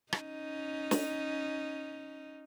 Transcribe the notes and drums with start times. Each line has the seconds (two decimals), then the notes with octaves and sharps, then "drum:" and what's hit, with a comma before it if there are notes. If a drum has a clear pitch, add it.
0.13 C#4 D#4, drum: rim click
0.91 drum: snare